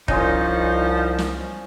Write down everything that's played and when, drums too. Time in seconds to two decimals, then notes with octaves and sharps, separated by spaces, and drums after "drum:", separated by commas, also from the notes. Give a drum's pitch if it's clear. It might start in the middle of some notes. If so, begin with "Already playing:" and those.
0.08 C2 F3 C#4 D#4 G#4 C5, drum: kick
1.18 drum: snare